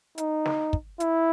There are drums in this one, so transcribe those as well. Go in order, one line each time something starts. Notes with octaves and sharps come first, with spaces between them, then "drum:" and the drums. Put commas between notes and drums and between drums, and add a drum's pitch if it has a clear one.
D#4, drum: hi-hat
drum: snare
drum: kick
E4, drum: hi-hat